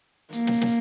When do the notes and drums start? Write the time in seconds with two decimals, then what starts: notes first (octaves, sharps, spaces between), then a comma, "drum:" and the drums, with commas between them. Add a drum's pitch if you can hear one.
0.33 A#3, drum: hi-hat
0.47 drum: snare
0.61 drum: snare